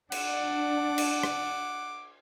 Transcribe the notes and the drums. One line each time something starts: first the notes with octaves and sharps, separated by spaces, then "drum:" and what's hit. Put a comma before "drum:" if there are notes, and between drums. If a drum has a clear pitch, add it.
D4 F#5 D6, drum: cymbal
drum: cymbal
drum: rim click